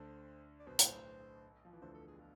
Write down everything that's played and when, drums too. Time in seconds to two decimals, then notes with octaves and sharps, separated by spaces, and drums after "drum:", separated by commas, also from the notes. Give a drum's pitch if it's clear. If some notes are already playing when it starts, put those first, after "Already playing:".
Already playing: D2 D3 C5
0.60 D5
0.67 B1 B2 C5
0.79 A2, drum: hi-hat
0.92 B1 B2
1.65 F3
1.73 E3
1.82 D2 D3 C5
1.94 A4
2.07 G#4
2.19 F4